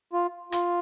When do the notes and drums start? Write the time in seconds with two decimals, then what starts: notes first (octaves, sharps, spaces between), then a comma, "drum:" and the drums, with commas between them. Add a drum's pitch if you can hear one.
0.13 F4
0.52 F4, drum: hi-hat